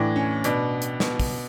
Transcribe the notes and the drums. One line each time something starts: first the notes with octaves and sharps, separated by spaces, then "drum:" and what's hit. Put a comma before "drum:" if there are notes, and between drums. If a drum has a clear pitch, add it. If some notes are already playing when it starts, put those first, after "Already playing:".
Already playing: A2 E3 D4
C#4
B2 D4, drum: hi-hat
drum: hi-hat
B2, drum: snare
drum: kick, open hi-hat